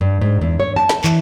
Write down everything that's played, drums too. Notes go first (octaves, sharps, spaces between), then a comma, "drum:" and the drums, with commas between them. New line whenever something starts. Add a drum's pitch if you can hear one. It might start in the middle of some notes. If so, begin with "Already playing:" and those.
G2
G#2
E2
C#5
A5
drum: snare
E3, drum: clap